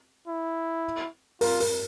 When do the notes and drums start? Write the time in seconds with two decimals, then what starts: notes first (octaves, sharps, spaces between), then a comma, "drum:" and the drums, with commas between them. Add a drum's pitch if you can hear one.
0.28 E4
1.41 F4 A#4, drum: open hi-hat
1.60 A#4, drum: open hi-hat